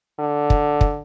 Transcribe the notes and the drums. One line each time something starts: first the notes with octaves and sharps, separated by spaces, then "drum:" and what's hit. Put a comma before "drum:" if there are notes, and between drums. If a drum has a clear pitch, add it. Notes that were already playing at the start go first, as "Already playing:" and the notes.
D3
drum: kick
drum: kick